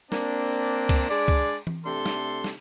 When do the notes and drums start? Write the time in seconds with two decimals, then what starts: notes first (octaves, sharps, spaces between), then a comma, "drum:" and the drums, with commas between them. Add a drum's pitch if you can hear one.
0.12 A#3 C4 D4, drum: snare
0.89 drum: kick C#2, cymbal
1.10 G#3 D4 D5
1.28 drum: kick C#2
1.67 drum: tom E3
1.86 C3 A3 D4 A4 C6
2.06 drum: snare
2.44 drum: snare